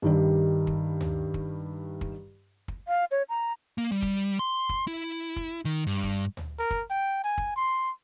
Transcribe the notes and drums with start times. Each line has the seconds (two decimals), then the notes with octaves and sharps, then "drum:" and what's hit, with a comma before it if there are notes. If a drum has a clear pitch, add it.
0.02 G2 D#3 G3
0.67 drum: kick
1.01 drum: tom
1.34 drum: kick
2.01 drum: kick
2.68 drum: kick
2.88 F5
3.11 C#5
3.29 A#5
3.78 A#3
3.92 G3
4.02 drum: kick
4.39 C6
4.69 drum: kick
4.87 E4
5.36 drum: kick
5.65 D#3
5.87 G2
6.03 drum: kick
6.37 drum: tom
6.59 A#4
6.71 drum: kick
6.90 G5
7.24 G#5
7.38 drum: kick
7.56 C6